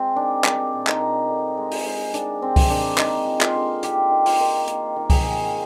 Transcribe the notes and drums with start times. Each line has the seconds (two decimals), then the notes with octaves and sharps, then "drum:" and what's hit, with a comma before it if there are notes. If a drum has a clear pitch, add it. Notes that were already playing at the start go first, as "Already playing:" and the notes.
Already playing: G#3 C4 F4
0.16 D#3 D4
0.44 G3 D4, drum: clap
0.73 A#2
0.87 D#4, drum: clap
1.00 A#2
1.29 D3
1.57 G#3
1.72 drum: open hi-hat
1.85 G#3
2.14 D#3 D4, drum: hi-hat
2.42 C3 C4
2.56 drum: kick C2, open hi-hat
2.70 A#3 D4
2.98 G#3 D#4, drum: clap
3.27 F3
3.41 F4, drum: clap
3.55 D3
3.83 D#3 G4, drum: hi-hat
4.11 D#3
4.26 F4, drum: open hi-hat
4.40 D#3
4.68 A#3, drum: hi-hat
4.96 D#3
5.10 G#4, drum: kick C2, open hi-hat
5.24 A#3